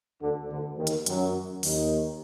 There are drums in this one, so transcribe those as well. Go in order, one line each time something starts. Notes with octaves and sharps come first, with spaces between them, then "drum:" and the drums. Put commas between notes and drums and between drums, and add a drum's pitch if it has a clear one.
D2 D3
D2 D3
D#2 D#3
drum: hi-hat
F#2 F#3, drum: hi-hat
D#2 D#3, drum: open hi-hat